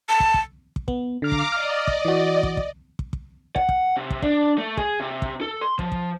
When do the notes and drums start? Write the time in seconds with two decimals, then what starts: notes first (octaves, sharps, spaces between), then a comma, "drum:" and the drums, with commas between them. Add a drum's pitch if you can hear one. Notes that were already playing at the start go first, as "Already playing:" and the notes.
0.09 A5
0.20 drum: kick
0.34 drum: kick
0.76 drum: kick
0.88 B3, drum: kick
1.22 D3 F5 A#5 D6 F6
1.32 drum: kick
1.52 D5 D#5 F6
1.87 drum: kick
2.05 E3 F#4
2.43 drum: kick
2.57 drum: kick
2.99 drum: kick
3.13 drum: kick
3.56 F#5, drum: kick
3.69 drum: kick
3.97 C3
4.10 drum: kick
4.22 D4, drum: kick
4.58 A3
4.77 G#4, drum: kick
5.00 C3
5.22 drum: kick
5.41 A4
5.61 C6
5.79 F3, drum: kick
5.92 drum: kick